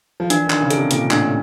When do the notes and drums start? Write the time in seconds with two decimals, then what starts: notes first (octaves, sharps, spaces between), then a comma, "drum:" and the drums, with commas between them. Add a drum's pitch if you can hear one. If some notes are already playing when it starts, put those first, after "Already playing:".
0.20 F3
0.30 E3 D4, drum: hi-hat
0.46 D#3
0.50 D4, drum: clap
0.61 C#3
0.70 A4, drum: hi-hat
0.76 C3
0.91 A#2 A4, drum: hi-hat
1.11 A2 D4, drum: clap